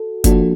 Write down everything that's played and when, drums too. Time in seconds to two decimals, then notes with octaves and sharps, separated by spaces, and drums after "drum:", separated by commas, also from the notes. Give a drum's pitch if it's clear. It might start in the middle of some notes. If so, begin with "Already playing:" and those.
Already playing: F#4 A4
0.24 F3 A#3 D4 F#4 A4, drum: kick, hi-hat